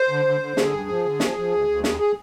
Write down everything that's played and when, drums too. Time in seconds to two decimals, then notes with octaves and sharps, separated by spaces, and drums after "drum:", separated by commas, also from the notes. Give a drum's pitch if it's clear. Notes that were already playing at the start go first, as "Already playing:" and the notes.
Already playing: C5
0.09 D3
0.25 D3
0.41 D3
0.57 D3 G#4, drum: snare
0.72 G2
0.89 F3
1.04 D3
1.20 F3, drum: snare
1.37 F3
1.52 D2
1.68 D2
1.84 D#2 G#4, drum: snare
1.99 G#4